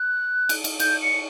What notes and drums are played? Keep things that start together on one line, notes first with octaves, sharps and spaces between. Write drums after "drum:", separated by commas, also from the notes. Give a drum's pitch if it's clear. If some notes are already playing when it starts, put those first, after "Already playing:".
Already playing: F#6
drum: cymbal
drum: cymbal
G6, drum: cymbal
C#7